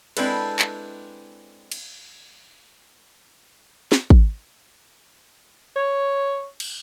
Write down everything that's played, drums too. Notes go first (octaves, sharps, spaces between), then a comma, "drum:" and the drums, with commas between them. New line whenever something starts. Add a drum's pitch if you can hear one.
G#3 C4 D4 E4 A4 B4, drum: cymbal
drum: clap
drum: cymbal
drum: snare
drum: kick
C#5
drum: cymbal